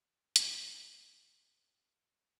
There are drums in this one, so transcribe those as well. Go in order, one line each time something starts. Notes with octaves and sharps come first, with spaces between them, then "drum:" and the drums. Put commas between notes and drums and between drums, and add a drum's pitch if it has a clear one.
G3 G#3 F4 F#4
drum: hi-hat